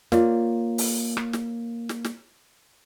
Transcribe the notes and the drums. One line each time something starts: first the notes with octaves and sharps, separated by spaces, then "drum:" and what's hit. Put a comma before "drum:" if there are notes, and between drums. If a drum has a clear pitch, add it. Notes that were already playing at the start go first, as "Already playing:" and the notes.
A#3 F4 C#5 D5, drum: snare
drum: open hi-hat
drum: rim click
drum: snare
drum: snare
drum: snare